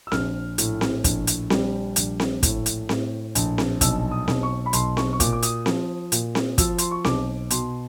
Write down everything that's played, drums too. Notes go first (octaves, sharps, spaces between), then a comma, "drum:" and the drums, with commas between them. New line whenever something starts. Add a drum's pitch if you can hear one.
E6
A#1 F6, drum: snare C4
A2, drum: hi-hat
drum: snare C4
A#1, drum: kick, hi-hat
drum: hi-hat
G3, drum: snare C4
A#1, drum: hi-hat
drum: snare C4
A2, drum: kick, hi-hat
drum: hi-hat
A2, drum: snare C4
A#1, drum: hi-hat
drum: snare C4
B1 E6, drum: kick, hi-hat
D#6
B1, drum: snare C4
C#6
B5
B1 C6, drum: hi-hat
C#6, drum: snare C4
C#6
A#2 D6, drum: kick, hi-hat
D6
D#6, drum: hi-hat
F3, drum: snare C4
A#2, drum: hi-hat
drum: snare C4
F3 E6, drum: kick, hi-hat
C6, drum: hi-hat
C#6
B1 D6, drum: snare C4
B2 C6, drum: hi-hat